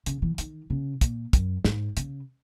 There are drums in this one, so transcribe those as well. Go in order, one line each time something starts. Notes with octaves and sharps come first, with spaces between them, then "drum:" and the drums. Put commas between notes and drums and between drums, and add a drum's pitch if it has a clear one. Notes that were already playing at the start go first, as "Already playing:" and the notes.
C#3, drum: hi-hat
E3
D#3, drum: hi-hat
C#3
A#2, drum: kick, hi-hat
F#2, drum: kick, hi-hat
G#2, drum: snare
C#3, drum: hi-hat